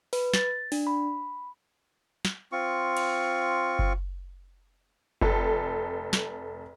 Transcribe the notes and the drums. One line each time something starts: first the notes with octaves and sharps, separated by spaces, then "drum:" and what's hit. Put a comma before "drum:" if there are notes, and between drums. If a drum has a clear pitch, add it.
B4, drum: open hi-hat
A6, drum: snare
D4, drum: open hi-hat
B5
drum: snare
C4 F4 C#6
drum: cymbal
drum: kick F#1
F1 A4, drum: kick F#1
drum: snare